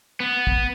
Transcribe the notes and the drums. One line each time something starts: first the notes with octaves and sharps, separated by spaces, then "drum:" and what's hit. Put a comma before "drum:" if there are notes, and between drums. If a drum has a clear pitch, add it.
B3
drum: kick